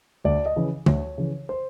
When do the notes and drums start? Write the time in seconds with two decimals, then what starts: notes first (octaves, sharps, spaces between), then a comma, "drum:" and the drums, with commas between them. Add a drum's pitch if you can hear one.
0.24 D2 D5
0.46 D#5
0.56 C#3 E3
0.86 D2 C#5, drum: tom
1.18 C#3 E3
1.49 C5